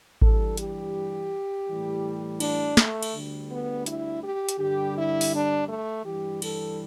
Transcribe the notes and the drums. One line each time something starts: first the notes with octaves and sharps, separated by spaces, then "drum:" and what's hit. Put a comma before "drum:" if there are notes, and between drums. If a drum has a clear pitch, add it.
G2 E3 G3 A4, drum: kick G#1
G4, drum: hi-hat
A2 E3 G3
D4, drum: cymbal
A3, drum: snare
drum: cymbal
D2 D3 G3
B3
E4, drum: hi-hat
G4
drum: hi-hat
G2 D3 G3 G4
E4
drum: open hi-hat
D4
A3
G2 E3 G3 G4
A4, drum: cymbal